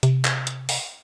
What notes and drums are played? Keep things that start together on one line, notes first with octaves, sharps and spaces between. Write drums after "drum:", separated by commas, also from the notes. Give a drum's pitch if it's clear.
C3, drum: hi-hat
drum: clap
drum: hi-hat
drum: open hi-hat